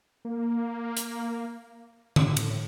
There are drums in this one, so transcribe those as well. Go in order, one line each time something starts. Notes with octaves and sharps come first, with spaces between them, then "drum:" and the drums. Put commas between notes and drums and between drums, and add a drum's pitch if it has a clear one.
A#3
drum: hi-hat
A2, drum: tom D3
drum: cymbal